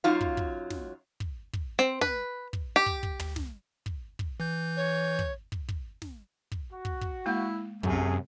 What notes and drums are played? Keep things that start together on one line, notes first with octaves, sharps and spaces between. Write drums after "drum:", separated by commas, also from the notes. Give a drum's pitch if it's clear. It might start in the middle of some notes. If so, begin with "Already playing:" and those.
F#2 F#3 D#4 F4 F5
drum: kick
drum: kick
drum: snare
drum: kick
drum: kick
C4
B4, drum: snare
drum: kick
G4
drum: kick
drum: kick
drum: tom
drum: snare
drum: kick
drum: kick
E3 G6
C#5
drum: kick
drum: kick
drum: kick
drum: snare
drum: kick
F#4
drum: kick
drum: kick
G#3 A#3 E4 F5
F#2 C3 A3 G#4, drum: kick